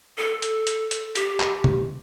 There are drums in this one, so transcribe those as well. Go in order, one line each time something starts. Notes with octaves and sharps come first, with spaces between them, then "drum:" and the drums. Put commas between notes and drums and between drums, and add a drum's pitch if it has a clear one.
A4
drum: hi-hat
drum: hi-hat
drum: hi-hat
G4, drum: hi-hat
drum: clap
drum: tom